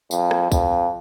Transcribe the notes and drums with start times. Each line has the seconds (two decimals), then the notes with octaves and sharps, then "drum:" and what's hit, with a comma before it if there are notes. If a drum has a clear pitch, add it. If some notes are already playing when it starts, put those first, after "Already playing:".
0.11 F2, drum: tambourine
0.31 drum: rim click
0.52 F2, drum: kick, tambourine